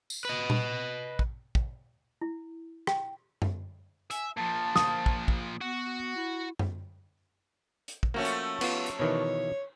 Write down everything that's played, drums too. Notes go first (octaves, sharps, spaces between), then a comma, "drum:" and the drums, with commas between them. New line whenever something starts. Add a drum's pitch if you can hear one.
drum: tambourine
B4 D#5
drum: tom A#2
drum: kick
drum: kick
E4
G5, drum: rim click
drum: tom F#2
E5 G#5, drum: hi-hat
A#2 F3 A5
D#6, drum: snare
drum: kick
drum: kick
B3 F#4
E4
drum: tom F#2
drum: hi-hat
drum: kick
F3 A3 A#3 C#4 F#4
drum: hi-hat
B3 F4, drum: cymbal
drum: hi-hat
B2 D#3 E3 C#5